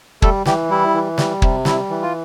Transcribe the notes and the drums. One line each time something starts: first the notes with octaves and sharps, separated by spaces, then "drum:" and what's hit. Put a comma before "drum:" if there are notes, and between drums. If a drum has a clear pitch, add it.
G3 A3 A4, drum: kick
E3 G3 G4, drum: snare
G3 E4
E3
G3, drum: snare
C3, drum: kick
G3 E4, drum: snare
E3
F4